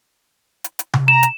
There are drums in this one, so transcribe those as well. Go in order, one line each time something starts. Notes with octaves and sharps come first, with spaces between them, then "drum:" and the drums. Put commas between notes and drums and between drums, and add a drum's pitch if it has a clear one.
drum: hi-hat
drum: hi-hat
drum: tom C3
A#5 E7
drum: hi-hat